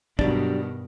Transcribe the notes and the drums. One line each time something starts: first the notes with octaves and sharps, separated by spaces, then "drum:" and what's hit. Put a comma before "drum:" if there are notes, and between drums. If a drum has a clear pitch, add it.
G2 B2 D#3 F#3 G3 D4, drum: kick